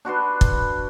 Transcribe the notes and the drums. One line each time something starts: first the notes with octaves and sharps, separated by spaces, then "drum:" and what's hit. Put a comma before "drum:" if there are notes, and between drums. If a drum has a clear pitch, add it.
D4 F#4 B4 C6
drum: kick